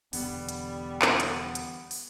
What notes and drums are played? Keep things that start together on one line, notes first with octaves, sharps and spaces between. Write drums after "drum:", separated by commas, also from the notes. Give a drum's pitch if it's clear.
E1 E2 D3 G3 B3, drum: open hi-hat
drum: hi-hat
drum: clap
drum: hi-hat
drum: hi-hat
drum: open hi-hat